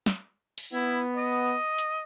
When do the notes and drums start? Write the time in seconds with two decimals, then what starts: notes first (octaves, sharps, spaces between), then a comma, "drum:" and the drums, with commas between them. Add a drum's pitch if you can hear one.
0.06 drum: snare
0.58 drum: open hi-hat
0.73 B3 E4
1.16 D#5
1.78 drum: hi-hat